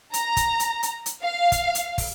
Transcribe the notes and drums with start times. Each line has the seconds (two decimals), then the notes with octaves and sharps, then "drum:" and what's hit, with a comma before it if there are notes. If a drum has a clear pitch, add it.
0.14 A#5, drum: hi-hat
0.37 drum: kick, hi-hat
0.60 drum: hi-hat
0.83 drum: hi-hat
1.06 drum: hi-hat
1.23 F5
1.52 drum: kick, hi-hat
1.75 drum: hi-hat
1.98 drum: kick, open hi-hat